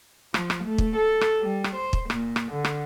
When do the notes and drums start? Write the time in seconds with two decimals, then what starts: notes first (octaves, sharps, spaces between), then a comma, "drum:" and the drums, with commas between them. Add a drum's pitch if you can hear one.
0.34 F3, drum: rim click
0.50 drum: rim click
0.64 A3
0.78 drum: kick
0.96 A4
1.21 drum: rim click
1.41 G3
1.64 drum: rim click
1.76 C5
1.93 drum: kick
2.10 A#2, drum: rim click
2.36 drum: rim click
2.51 D3
2.64 drum: rim click